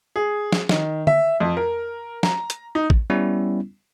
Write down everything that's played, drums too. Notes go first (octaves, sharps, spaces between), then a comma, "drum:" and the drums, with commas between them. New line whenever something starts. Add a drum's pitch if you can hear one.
G#4
drum: snare
D#3, drum: snare
E5, drum: tom
F2
A#4
A#5, drum: snare
drum: hi-hat
D#4
drum: kick
G3 B3 C#4 E4